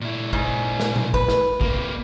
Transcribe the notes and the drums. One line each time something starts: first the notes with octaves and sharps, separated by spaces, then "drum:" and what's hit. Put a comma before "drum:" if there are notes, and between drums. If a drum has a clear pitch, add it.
A#2 E4
G#2, drum: kick
drum: snare
drum: tom A#2
B4, drum: kick
drum: snare
C3 A#3, drum: kick